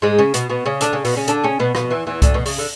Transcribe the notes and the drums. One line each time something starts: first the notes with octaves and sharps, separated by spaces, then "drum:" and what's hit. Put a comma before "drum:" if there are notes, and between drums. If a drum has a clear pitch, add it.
G#2 G#3
C#3 C#4
B2 B3, drum: hi-hat
B2 B3
C#3 C#4
D3 D4, drum: hi-hat
C#3 C#4
B2 B3, drum: open hi-hat
C#3 C#4
D3 D4, drum: hi-hat
C#3 C#4
B2 B3
B2 B3, drum: rim click
E2 E3
E2 E3
D2 D3, drum: kick C2, hi-hat
B2
C#3, drum: open hi-hat
D3